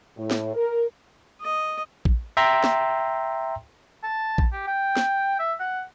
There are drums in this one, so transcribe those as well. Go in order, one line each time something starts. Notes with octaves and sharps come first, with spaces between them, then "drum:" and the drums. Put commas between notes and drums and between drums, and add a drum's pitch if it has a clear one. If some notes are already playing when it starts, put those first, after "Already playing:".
A2
drum: snare
A#4
D#5
drum: kick A#1
E5 G5 A#5 C6
drum: snare
A5
drum: kick A#1
G4
G5
drum: snare
E5
F#5